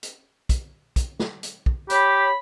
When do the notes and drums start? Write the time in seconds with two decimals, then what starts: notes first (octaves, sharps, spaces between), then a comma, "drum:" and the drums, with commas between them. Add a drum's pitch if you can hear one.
0.03 drum: hi-hat
0.49 drum: kick, hi-hat
0.96 drum: kick, hi-hat
1.20 drum: snare
1.43 drum: hi-hat
1.66 drum: kick
1.90 G4 C#5 B5, drum: hi-hat